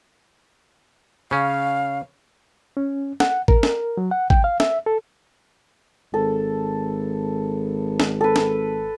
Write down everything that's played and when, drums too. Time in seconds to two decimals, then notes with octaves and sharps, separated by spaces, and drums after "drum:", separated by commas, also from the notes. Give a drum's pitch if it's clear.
1.31 C#3 C#4 F5
2.77 C#4
3.20 F#5, drum: snare
3.48 A#4, drum: kick
3.63 drum: snare
3.97 F#3
4.11 F#5
4.30 G5, drum: kick
4.44 F5
4.60 E5, drum: snare
4.86 A4
6.14 G#1 A4
8.00 drum: snare
8.21 A4 B4
8.36 drum: snare